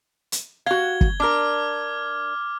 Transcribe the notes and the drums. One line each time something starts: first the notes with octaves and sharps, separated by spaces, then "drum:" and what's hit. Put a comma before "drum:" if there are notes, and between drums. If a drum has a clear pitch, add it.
drum: hi-hat
F#4 F5 G#6 G7
drum: kick
D4 A#4 D6 F6